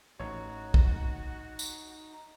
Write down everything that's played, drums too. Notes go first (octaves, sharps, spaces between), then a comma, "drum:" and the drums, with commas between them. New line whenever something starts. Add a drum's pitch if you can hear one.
A1 D#4 F#4 C#5
drum: kick
drum: tambourine